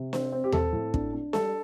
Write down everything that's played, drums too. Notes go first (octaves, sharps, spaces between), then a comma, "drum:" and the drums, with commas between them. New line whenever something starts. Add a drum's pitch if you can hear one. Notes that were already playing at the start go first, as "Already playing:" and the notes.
Already playing: C3
C4, drum: snare
C4
G4
C4 A4, drum: tom D#2
A2
D4, drum: kick
D4
G3 A4, drum: snare